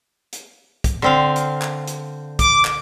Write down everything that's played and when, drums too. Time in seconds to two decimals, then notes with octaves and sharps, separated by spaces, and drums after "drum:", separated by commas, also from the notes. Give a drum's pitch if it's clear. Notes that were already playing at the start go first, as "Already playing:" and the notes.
0.33 drum: hi-hat
0.84 drum: kick, hi-hat
1.02 D3 C4 F5
1.36 drum: hi-hat
1.62 drum: clap
1.88 drum: hi-hat
2.39 D6, drum: kick, hi-hat
2.65 drum: clap